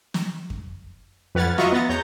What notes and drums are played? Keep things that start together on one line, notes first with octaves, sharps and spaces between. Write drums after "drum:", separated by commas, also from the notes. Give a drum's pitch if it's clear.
drum: snare
drum: kick F2
F2 B4 F#5 F6 G#6 A6
F4 F#4 D#5 E5 A#5 C#6, drum: snare
B3 A#5 A6
E2 C#5 A#5 G6